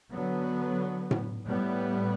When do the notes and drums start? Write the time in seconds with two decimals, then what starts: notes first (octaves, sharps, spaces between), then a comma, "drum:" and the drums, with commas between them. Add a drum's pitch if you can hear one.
0.11 D3 F#3 B3
1.11 drum: tom A2
1.44 A2 G3 B3